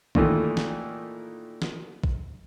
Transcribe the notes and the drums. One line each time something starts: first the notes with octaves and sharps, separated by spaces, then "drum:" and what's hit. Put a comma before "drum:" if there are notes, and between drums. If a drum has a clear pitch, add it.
A#2 D#3 E3 A3, drum: kick A#1
drum: snare
drum: snare
drum: kick A#1